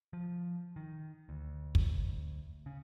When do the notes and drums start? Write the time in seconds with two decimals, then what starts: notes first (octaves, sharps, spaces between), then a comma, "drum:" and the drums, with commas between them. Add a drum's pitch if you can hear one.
0.13 F3
0.76 D#3
1.29 D2
1.75 drum: kick
2.66 C#3